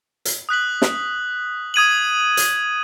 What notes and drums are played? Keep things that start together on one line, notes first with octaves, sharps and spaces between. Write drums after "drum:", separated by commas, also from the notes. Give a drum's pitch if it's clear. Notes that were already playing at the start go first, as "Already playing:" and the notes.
drum: hi-hat
D#6 F#6 B6 F#7
drum: snare
D#6 G#6 D#7 F#7
drum: hi-hat